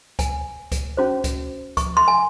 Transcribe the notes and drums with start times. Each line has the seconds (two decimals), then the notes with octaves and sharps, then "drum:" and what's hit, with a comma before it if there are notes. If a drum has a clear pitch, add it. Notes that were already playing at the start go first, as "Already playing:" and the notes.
0.19 G#5, drum: kick C#2, hi-hat
0.72 drum: kick C#2, hi-hat
0.97 C#4 F#4 C5
1.24 drum: kick C#2, hi-hat
1.77 C#6, drum: kick C#2, hi-hat
1.97 C6
2.08 G#5